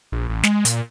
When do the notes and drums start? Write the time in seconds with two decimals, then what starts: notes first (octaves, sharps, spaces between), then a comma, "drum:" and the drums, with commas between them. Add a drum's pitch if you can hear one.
0.12 A#1
0.30 A1
0.43 G#3, drum: snare
0.65 A#2, drum: hi-hat